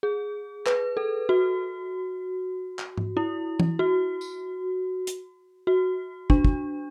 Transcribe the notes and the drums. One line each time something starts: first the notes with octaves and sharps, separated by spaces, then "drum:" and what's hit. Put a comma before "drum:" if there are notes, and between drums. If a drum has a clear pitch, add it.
G#4
B4, drum: clap
A4
F#4
drum: clap
drum: tom G#2
E4
drum: tom E3
F#4
drum: tambourine
drum: hi-hat
F#4
D4, drum: kick
drum: kick